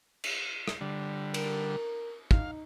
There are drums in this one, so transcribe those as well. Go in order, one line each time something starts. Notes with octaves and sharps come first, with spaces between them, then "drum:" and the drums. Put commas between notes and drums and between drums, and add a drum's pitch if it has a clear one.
drum: cymbal
drum: rim click
D3 G3
A#4, drum: cymbal
D#4 F5, drum: kick